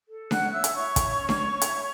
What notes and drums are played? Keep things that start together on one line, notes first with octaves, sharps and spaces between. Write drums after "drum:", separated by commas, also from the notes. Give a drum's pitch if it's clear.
A4
C#4 F#5 F#6, drum: snare D4
C#5 E5 E6
drum: hi-hat
E4 C#5 C#6
E4, drum: kick, hi-hat
C#4
drum: snare D4
C#4
E4, drum: hi-hat